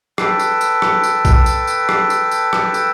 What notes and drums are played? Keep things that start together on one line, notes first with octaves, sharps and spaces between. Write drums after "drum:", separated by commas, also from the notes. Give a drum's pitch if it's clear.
A4 B4 G5 A5, drum: rim click
drum: tambourine
drum: tambourine
drum: rim click
drum: tambourine
drum: kick A#1, tambourine
drum: tambourine
drum: tambourine
drum: rim click
drum: tambourine
drum: tambourine
drum: rim click
drum: tambourine